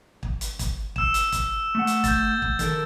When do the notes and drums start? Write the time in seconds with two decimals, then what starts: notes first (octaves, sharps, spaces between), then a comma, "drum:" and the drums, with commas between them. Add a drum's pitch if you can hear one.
0.23 drum: kick
0.41 drum: hi-hat
0.59 drum: kick, hi-hat
0.96 E6 E7, drum: kick
1.14 drum: hi-hat
1.32 drum: kick, hi-hat
1.75 A3 F#5
1.87 drum: hi-hat
2.04 G6 A6, drum: kick, hi-hat
2.42 drum: kick
2.59 D#3 A4 A#4, drum: hi-hat